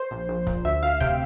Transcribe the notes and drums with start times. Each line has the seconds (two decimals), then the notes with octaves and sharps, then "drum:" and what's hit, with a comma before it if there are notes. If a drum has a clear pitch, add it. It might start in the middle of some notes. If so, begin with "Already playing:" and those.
Already playing: C5
0.11 A#1
0.29 A#1
0.47 A#2, drum: kick
0.65 D2 E5
0.83 D2 F5
1.00 C3 G5, drum: kick